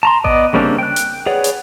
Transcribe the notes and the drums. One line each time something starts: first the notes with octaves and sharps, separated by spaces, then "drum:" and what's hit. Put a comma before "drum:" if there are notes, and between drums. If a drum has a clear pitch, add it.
A5 A#5 C6
B3 D5 D#5, drum: kick A1
C#3 G3 A#3 C4 D4
G5 F#6
drum: hi-hat
G#4 B4 C#5 D5 F#5
drum: hi-hat